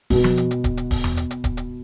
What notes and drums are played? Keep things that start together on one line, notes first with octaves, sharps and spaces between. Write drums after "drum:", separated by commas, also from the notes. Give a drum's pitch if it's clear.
B2 B3 F#4, drum: kick D1, open hi-hat
drum: tom F3
drum: hi-hat
drum: hi-hat
drum: kick D1, hi-hat
drum: hi-hat
drum: kick D1, open hi-hat
drum: tom E2
drum: hi-hat
drum: hi-hat
drum: kick D1, hi-hat
drum: hi-hat